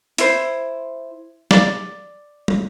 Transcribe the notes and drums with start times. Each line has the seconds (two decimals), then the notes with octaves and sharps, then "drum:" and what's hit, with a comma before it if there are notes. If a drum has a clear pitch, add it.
0.18 E4 C5, drum: hi-hat
1.51 D5, drum: snare
2.48 drum: tom